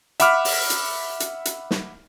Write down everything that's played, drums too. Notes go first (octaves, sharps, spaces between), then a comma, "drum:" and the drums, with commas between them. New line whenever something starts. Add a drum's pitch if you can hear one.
E5 F#5 B5 D6 F6, drum: hi-hat
drum: open hi-hat
drum: hi-hat
drum: hi-hat
drum: hi-hat
drum: snare